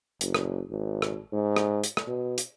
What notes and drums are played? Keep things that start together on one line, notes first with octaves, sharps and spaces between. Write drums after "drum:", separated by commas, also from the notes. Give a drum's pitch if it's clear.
F#1, drum: hi-hat
drum: rim click
G#1
drum: rim click
G#2
drum: rim click
drum: hi-hat
drum: rim click
B2
drum: hi-hat